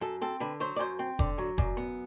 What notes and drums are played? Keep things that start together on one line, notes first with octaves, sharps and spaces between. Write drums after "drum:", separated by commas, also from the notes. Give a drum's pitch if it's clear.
F#2 A4
C4 A4
D3 B4
F#3 C5
D5
F#2 C5
C4
D3 D5, drum: kick F1
F#3
F#2 D5, drum: kick F1
B3